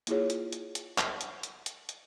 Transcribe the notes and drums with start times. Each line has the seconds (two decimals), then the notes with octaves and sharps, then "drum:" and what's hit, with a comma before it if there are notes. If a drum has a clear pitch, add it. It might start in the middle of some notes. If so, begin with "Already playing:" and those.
0.07 A#3 E4 F4 G#4 C#5, drum: hi-hat
0.30 drum: hi-hat
0.52 drum: hi-hat
0.75 drum: hi-hat
0.98 drum: clap
1.21 drum: hi-hat
1.43 drum: hi-hat
1.66 drum: hi-hat
1.89 drum: hi-hat